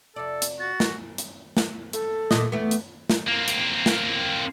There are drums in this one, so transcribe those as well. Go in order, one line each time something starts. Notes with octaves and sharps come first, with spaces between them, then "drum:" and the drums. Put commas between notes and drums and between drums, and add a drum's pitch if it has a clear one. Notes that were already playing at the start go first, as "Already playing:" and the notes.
F2 C3 A4 D5
drum: hi-hat
F#4 A6
drum: snare
drum: hi-hat
drum: snare
A4, drum: hi-hat
E2 A#2 D#5, drum: snare
E2 A3 B3
drum: hi-hat
drum: snare
A#3 C4
drum: hi-hat
drum: snare